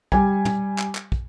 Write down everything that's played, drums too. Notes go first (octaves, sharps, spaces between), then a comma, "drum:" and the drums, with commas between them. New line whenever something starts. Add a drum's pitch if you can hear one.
G3 G#5, drum: kick
drum: tom
drum: clap
drum: clap
drum: kick